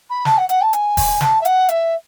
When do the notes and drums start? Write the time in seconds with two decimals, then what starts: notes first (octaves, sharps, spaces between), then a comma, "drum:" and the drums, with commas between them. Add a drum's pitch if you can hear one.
0.10 B5
0.25 A5, drum: snare
0.37 F#5
0.49 F#5, drum: hi-hat
0.61 A5
0.73 G#5, drum: hi-hat
0.97 drum: kick F#1, open hi-hat
1.21 A5, drum: snare
1.41 E5
1.45 F#5, drum: hi-hat
1.69 E5, drum: hi-hat